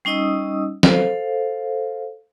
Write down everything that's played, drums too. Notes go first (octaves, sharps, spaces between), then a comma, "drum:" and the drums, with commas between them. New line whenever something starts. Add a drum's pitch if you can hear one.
G3 C#4 D#4 D#5 D#6 E6
A4 C5 F5, drum: snare